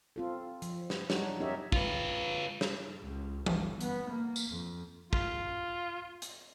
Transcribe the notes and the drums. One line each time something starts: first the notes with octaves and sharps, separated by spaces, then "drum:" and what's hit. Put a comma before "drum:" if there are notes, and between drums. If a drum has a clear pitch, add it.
C4 F4 A4
F3, drum: hi-hat
drum: snare
F#3 G3 D4 D#4 F#4 C#5, drum: snare
C#4 D#4 G4 A#4 C#5 E5
F4 B4, drum: kick
drum: snare
C#2
G1, drum: tom E3
B3, drum: hi-hat
A#3
drum: tambourine
F2
F4, drum: kick
drum: hi-hat